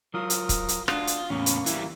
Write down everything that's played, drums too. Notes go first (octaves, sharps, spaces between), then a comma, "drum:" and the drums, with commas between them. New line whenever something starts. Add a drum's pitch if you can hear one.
F#3 F4 A#4 D#6
drum: hi-hat
drum: kick, hi-hat
drum: hi-hat
D4 F4 F#4 D#6, drum: rim click
drum: hi-hat
E2 A2 A#3 C#4
drum: hi-hat
E3 G3 E4, drum: hi-hat